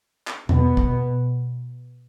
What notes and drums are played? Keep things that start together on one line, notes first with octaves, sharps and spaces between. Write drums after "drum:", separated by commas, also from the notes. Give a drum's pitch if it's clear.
drum: clap
B2 B3, drum: tom E2
drum: kick